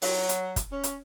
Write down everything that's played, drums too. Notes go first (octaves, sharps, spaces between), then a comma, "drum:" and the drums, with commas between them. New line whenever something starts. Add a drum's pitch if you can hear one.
F#3, drum: open hi-hat
drum: hi-hat
drum: kick, hi-hat
C#4
drum: hi-hat